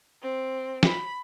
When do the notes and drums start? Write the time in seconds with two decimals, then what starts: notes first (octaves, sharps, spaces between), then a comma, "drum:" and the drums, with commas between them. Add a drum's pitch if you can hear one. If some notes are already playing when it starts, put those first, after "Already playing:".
0.21 C4
0.83 B5, drum: snare